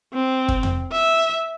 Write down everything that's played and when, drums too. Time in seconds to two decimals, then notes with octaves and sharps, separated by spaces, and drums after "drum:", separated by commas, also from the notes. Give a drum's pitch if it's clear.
0.13 C4
0.48 drum: kick
0.63 drum: tom E2
0.93 E5